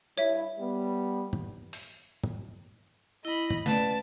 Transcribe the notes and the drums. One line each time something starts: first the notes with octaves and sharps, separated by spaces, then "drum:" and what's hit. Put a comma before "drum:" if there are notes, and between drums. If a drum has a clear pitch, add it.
G2 E4 C#5 E5
G3 B3
drum: tom
drum: open hi-hat
drum: tom
E4 D#5 B5
drum: tom
A3 C#4 B4 D5 A5, drum: snare